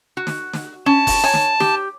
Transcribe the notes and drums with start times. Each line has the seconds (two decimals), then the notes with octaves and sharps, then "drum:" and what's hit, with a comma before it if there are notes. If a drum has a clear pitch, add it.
0.17 F#4
0.27 drum: snare
0.54 drum: snare
0.86 C#4 A5
1.07 drum: kick F#1, open hi-hat
1.24 C#5 G#5
1.34 drum: snare
1.60 G4, drum: snare